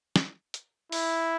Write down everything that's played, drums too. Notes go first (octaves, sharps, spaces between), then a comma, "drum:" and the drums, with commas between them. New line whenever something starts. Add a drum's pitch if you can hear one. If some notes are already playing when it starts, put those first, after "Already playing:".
drum: snare
drum: hi-hat
E4, drum: open hi-hat